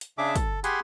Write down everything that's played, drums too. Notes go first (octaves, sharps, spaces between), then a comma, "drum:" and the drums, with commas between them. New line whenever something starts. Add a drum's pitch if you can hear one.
drum: hi-hat
C#3 D4 G#4 E5 D6
A4, drum: kick, hi-hat
G4 G#4 F#5 G#5 B5 C6, drum: hi-hat